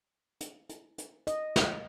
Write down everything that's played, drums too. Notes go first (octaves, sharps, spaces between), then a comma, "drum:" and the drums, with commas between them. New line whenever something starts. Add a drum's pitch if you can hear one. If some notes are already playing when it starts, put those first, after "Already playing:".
drum: hi-hat
drum: hi-hat
drum: hi-hat
D#5, drum: hi-hat
drum: snare